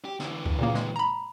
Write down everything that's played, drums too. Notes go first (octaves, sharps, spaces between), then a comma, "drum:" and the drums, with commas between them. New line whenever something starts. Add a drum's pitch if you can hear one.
G4
D3 E3, drum: snare
drum: kick C#2
A#2 C#3 A#3
G#3, drum: snare
A#5 B5